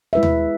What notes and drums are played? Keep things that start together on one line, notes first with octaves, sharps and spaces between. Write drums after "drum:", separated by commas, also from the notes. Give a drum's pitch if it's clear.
G#3 E4 B4 E5
drum: tom D#2